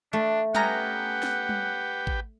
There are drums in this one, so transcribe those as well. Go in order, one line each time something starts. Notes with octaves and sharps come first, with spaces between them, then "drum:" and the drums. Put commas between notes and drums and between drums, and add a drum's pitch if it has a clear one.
A3 D4
B3 C#4 G4 B4 F#5 G5 A#5, drum: tom G3
drum: snare
drum: tom G3
drum: kick A1